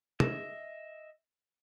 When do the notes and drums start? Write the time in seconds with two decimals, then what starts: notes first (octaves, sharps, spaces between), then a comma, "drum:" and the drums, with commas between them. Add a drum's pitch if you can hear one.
0.20 D#5 E5, drum: tom C3